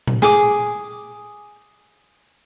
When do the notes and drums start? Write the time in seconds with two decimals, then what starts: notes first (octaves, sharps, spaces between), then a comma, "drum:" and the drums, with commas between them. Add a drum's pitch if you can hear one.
0.07 drum: tom A#2
0.22 G#4 D6 D#6, drum: snare